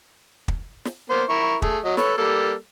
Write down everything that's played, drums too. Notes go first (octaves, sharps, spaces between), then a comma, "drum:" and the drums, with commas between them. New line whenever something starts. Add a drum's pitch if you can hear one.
drum: kick
drum: snare
A#3 B3 C5
E4 A#4 C#6
A3 G#4, drum: kick
F#3 D#5
A4 B4 C#5, drum: snare
G3 A#3 A4